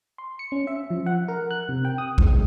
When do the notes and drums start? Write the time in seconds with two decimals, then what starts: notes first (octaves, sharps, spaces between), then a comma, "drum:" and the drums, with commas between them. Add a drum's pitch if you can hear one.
0.18 C6
0.39 C#7
0.52 C#4
0.67 E5
0.90 F3
1.06 F#5
1.28 A#4
1.51 F#6
1.69 C3
1.85 G5
1.98 D#6
2.18 G#3, drum: kick A#1